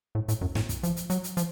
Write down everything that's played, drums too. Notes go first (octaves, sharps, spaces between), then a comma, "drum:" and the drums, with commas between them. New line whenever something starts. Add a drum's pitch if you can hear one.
A2
A2, drum: hi-hat
F#2, drum: kick
A2, drum: snare
drum: kick, hi-hat
F3, drum: hi-hat
drum: hi-hat
F#3, drum: hi-hat
drum: hi-hat
F3, drum: hi-hat